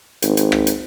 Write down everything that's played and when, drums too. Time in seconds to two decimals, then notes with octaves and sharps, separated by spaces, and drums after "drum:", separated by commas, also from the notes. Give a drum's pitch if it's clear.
0.22 G#1, drum: hi-hat
0.37 drum: hi-hat
0.52 drum: rim click
0.67 drum: hi-hat